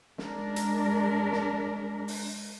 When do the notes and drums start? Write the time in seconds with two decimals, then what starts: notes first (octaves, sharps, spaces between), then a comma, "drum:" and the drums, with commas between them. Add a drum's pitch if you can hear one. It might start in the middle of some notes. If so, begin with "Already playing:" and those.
0.18 G#3 D4 A#4, drum: snare
0.56 drum: hi-hat
1.32 drum: snare
2.08 drum: open hi-hat